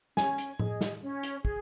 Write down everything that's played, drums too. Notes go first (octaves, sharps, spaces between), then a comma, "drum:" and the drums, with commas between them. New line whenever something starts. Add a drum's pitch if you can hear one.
C#4 G#5, drum: snare
drum: hi-hat
G#4 D#5, drum: tom A2
drum: snare
C#4
drum: hi-hat
G#4, drum: kick